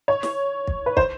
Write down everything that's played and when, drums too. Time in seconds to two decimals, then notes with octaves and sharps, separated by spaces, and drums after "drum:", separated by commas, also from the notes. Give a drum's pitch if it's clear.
0.08 C#5
0.23 drum: snare
0.67 drum: kick
0.86 B4
0.97 C5, drum: kick